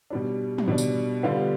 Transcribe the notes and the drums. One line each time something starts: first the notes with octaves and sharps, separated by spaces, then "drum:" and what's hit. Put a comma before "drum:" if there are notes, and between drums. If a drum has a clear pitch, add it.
B2 G3 D4
drum: tom
B2 G3 D4
drum: tambourine
D3 G3 B3 F4